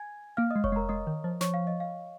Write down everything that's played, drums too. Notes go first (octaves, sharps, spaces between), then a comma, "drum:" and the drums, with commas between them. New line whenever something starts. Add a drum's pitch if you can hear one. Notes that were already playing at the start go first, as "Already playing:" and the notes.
Already playing: G#5 G#6
A#3 F5 F6
D#5 D#6
G#3
C#5 C#6, drum: kick F1
G#3
A#4 A#5
G#3 D#5 D#6
D#3
F3
F3 C#5 C#6, drum: snare
F5
D#5
F5